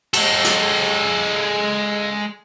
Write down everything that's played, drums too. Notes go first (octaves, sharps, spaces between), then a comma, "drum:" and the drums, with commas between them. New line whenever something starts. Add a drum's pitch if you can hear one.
G#3 A4, drum: cymbal
drum: hi-hat